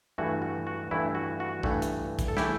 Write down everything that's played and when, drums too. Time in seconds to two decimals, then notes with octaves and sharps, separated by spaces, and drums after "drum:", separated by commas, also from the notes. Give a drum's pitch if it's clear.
0.18 G2 E3 A3 F#4
0.42 F#4
0.67 F#4
0.91 G2 E3 A3 E4
1.15 F#4
1.40 F#4
1.63 G2 E3 A3, drum: kick A#1
1.82 drum: hi-hat
2.19 drum: kick A#1, hi-hat
2.28 A4
2.37 E3 A3 E4 G4, drum: snare